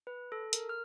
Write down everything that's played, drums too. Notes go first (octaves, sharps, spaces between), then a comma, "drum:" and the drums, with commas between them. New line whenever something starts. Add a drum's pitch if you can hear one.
B4
A4
A#4, drum: hi-hat
F6